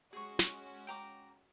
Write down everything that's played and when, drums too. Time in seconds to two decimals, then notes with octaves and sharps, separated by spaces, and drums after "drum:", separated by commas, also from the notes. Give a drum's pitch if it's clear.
0.13 G#3 C#4 F#4 G#4 C#6
0.39 drum: snare
0.87 G5 A#5 D6